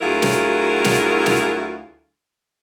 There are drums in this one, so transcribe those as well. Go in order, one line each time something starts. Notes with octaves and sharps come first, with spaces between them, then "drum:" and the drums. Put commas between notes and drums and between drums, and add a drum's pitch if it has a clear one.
D2 F#3 E4 F4 G#4 A#4
drum: snare
drum: snare
drum: snare